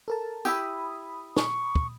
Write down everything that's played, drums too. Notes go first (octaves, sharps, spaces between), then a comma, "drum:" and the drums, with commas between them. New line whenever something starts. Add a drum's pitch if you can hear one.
A4 A#4 A5
E4 G4 B5 D#6, drum: tambourine
C#6, drum: snare
drum: kick